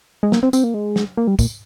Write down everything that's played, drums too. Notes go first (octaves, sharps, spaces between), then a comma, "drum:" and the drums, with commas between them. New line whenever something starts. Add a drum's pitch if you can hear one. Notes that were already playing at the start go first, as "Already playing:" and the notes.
G#3
A#3, drum: snare
C4
C4, drum: tambourine
A#3
G#3
drum: snare
A#3
G3
A#2, drum: kick, tambourine